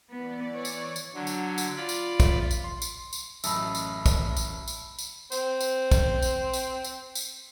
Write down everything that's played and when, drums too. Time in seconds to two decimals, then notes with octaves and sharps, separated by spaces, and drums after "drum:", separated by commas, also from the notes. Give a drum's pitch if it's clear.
0.11 E3 B3 D5
0.55 C#5
0.65 drum: tambourine
0.96 drum: tambourine
1.14 D3 F#3
1.27 drum: tambourine
1.58 drum: tambourine
1.77 F4 D5 B5
1.89 drum: tambourine
2.20 drum: kick, tambourine
2.51 drum: tambourine
2.64 C6
2.82 drum: tambourine
3.13 drum: tambourine
3.44 A1 F#2 E5 A5 B5 D#6 E6, drum: tambourine
3.75 drum: tambourine
4.06 drum: kick, tambourine
4.37 drum: tambourine
4.68 drum: tambourine
4.99 drum: tambourine
5.32 C4 C5, drum: tambourine
5.61 drum: tambourine
5.92 drum: kick, tambourine
6.22 drum: tambourine
6.53 drum: tambourine
6.84 drum: tambourine
7.15 drum: tambourine